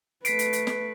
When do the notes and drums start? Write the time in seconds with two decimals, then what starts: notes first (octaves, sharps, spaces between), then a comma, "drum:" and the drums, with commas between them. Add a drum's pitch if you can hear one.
0.25 A3 B4 B6 C7 D7, drum: hi-hat
0.39 drum: hi-hat
0.53 drum: hi-hat
0.67 drum: snare